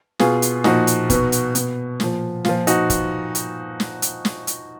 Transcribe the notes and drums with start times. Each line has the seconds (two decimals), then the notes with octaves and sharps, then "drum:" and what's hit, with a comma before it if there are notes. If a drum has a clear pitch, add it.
0.19 B2 F4 G#4, drum: snare
0.42 drum: hi-hat
0.64 A#2 F3 D#4 F#4, drum: snare
0.87 drum: hi-hat
1.10 B2, drum: kick, hi-hat
1.32 drum: hi-hat
1.55 B2, drum: hi-hat
2.00 A#2 F3, drum: snare
2.45 A#2 F3 F4, drum: snare
2.67 D#4 F#4, drum: hi-hat
2.90 drum: kick, hi-hat
3.35 drum: hi-hat
3.80 drum: snare
4.02 drum: hi-hat
4.25 drum: snare
4.47 drum: hi-hat